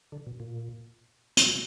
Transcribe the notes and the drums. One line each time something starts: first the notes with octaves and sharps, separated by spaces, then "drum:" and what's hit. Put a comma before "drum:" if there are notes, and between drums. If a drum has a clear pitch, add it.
D3
B2
A#2
C3, drum: hi-hat